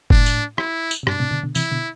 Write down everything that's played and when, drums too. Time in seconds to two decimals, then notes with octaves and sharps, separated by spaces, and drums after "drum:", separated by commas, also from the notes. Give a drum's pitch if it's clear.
0.10 A2 D4, drum: kick F#1
0.26 drum: tambourine
0.58 E4, drum: rim click
0.91 drum: tambourine
1.03 C3
1.07 G2 B2 D4, drum: rim click
1.20 A2 C3
1.31 B2 D3
1.43 B2 D3
1.55 C3 E3 E4, drum: tambourine
1.71 B2 D3